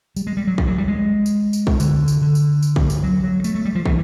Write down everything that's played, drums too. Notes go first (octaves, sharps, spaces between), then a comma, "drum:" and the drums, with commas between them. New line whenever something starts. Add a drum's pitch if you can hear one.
G3, drum: tambourine
G#3
G3
F#3
F3, drum: kick
F#3
G3
G#3
drum: tambourine
drum: tambourine
drum: kick
D3, drum: tambourine
drum: tambourine
D3
drum: tambourine
drum: tambourine
drum: kick
drum: tambourine
F#3
F#3
A3, drum: tambourine
A3
G3
F3
E3, drum: kick